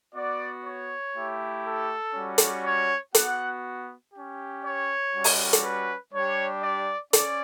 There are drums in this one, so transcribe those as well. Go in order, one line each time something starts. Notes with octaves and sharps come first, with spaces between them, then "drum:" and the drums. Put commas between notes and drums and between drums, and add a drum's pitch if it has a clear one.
B3 F#4 D5
C#5
A3 E4 G4
A4
G3 C#4 F#4
drum: hi-hat
C#5
B3 F#4 F#5, drum: hi-hat
C#4 G4
C#5
G3 C#4 F#4
drum: open hi-hat
drum: hi-hat
B4
G3 D4 G4 C#5
D5
C#4 D5, drum: hi-hat